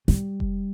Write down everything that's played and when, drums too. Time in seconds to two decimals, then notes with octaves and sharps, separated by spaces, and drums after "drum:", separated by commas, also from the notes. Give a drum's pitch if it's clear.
0.08 G3, drum: snare
0.40 drum: kick F1